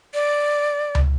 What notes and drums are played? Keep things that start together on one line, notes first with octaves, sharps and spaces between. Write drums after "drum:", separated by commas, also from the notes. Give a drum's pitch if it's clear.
D5
drum: tom C#2